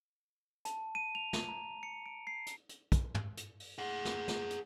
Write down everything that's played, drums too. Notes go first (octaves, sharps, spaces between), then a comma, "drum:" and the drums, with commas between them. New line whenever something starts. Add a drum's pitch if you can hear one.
A5, drum: hi-hat
D#7
F7
drum: snare
A#5
C#7
D7
C7
drum: hi-hat
drum: hi-hat
drum: kick, hi-hat
drum: tom
drum: hi-hat
drum: open hi-hat
G#4 F#5
drum: snare
drum: snare
drum: hi-hat